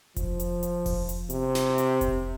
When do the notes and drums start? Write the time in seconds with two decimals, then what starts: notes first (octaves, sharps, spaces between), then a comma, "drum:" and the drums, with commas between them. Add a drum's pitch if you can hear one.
0.16 F3, drum: kick F1, hi-hat
0.40 drum: hi-hat
0.63 drum: hi-hat
0.86 drum: kick F1, open hi-hat
1.09 drum: hi-hat
1.30 C3, drum: hi-hat
1.55 drum: snare
1.78 drum: hi-hat
2.01 drum: kick F1, hi-hat